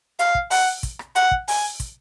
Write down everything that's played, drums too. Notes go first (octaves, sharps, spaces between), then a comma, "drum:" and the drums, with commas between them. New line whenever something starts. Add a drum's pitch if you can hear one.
F5, drum: hi-hat
drum: kick
F#5, drum: open hi-hat
drum: kick, hi-hat
drum: rim click
F#5, drum: hi-hat
drum: kick
G#5, drum: open hi-hat
drum: kick, hi-hat